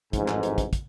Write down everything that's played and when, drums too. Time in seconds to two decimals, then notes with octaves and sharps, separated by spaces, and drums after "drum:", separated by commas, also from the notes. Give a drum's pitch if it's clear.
0.13 A1 F2 G#2, drum: kick, hi-hat
0.28 drum: clap
0.43 drum: hi-hat
0.58 drum: kick, hi-hat
0.73 drum: kick, hi-hat